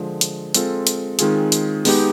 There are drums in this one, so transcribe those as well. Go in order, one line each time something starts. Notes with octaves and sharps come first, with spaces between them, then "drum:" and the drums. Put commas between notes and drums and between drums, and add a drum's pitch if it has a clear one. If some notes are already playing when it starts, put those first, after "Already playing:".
Already playing: D3 F3 G#3
drum: hi-hat
G#3 C4 F4 A4, drum: hi-hat
drum: hi-hat
D#3 G#3 C4 F4 G#4, drum: hi-hat
drum: hi-hat
G#3 B3 D#4 G4, drum: open hi-hat